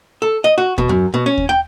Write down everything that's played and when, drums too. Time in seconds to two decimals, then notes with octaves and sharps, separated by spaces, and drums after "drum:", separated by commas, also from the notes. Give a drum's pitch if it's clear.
0.22 A4
0.44 D#5
0.58 F#4
0.78 B2, drum: kick D#2
0.89 F#2
1.14 B2
1.26 C#4
1.38 drum: kick D#2
1.49 G5